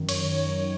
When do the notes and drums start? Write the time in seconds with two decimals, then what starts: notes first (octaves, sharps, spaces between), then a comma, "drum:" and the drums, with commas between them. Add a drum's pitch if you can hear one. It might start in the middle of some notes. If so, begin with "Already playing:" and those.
Already playing: F#2 D#3
0.09 C#5, drum: cymbal